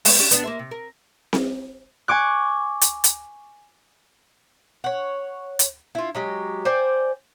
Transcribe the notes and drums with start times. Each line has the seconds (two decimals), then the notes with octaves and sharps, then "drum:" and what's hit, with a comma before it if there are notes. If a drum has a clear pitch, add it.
0.05 G#3 B3, drum: open hi-hat
0.19 C#4 D4 G4
0.31 B3 D4, drum: hi-hat
0.44 A#3 C5 E5
0.59 C3
0.71 A#4
1.33 drum: snare C4
2.08 G#5 C#6 D6 F#6
2.81 drum: hi-hat
3.04 drum: hi-hat
4.84 C#5 F#5
5.59 drum: hi-hat
5.95 E4 F4
6.15 F#3 G#3 G4
6.65 C5 D5 G5 G#5